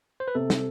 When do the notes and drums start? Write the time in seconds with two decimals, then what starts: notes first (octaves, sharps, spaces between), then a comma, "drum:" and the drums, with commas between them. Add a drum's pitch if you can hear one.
0.20 C5
0.28 B4
0.35 C3 A4
0.50 drum: snare